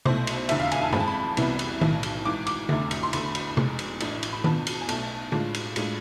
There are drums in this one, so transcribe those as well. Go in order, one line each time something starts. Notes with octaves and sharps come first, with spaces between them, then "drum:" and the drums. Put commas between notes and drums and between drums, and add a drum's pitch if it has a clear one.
B1 B2 A3 E4 C5, drum: tom C3
drum: cymbal
F1 E2 D3 E5, drum: cymbal
F5
G#5, drum: cymbal
A5
F2 E3 G#3 C4 B5, drum: tom
A5
B5
C2 C3 E3 B3 E4, drum: cymbal
drum: cymbal
B1 A2 E3, drum: tom D#3
drum: cymbal
G#1 G#2 E3 D6
D6, drum: cymbal
F1 E2 D3 A3 E4, drum: tom
drum: cymbal
C6
E2 D3 A3 B5, drum: cymbal
drum: cymbal
F1 E2 B2 G#3, drum: tom C3
drum: cymbal
A1 A2 E3 A3 D4, drum: cymbal
drum: cymbal
B5
E2 B2 B3 D4 F4 A5, drum: tom D#3
drum: cymbal
G#5
B1 B2 A3 A5, drum: cymbal
A2 G#3 D4 F4, drum: tom
drum: cymbal
A2 G#3 D4 F4, drum: cymbal